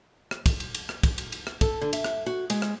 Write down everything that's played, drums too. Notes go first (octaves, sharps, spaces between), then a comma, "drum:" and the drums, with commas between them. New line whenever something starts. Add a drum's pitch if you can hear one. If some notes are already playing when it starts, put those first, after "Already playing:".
drum: rim click
drum: kick, cymbal
drum: cymbal
drum: cymbal
drum: rim click
drum: kick, cymbal
drum: cymbal
drum: cymbal
drum: rim click
A4, drum: kick, cymbal
D3
E5, drum: cymbal
drum: rim click
F#4
G#3, drum: cymbal
drum: rim click